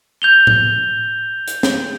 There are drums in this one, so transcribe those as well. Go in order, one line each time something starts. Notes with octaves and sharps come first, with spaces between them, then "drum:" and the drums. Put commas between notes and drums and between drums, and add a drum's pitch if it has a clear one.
G6 F7 G7
drum: tom A2
drum: hi-hat
drum: snare